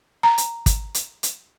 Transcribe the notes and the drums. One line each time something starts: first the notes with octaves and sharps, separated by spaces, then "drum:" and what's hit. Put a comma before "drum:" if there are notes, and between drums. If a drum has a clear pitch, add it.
A#5
drum: hi-hat
drum: kick, hi-hat
drum: hi-hat
drum: hi-hat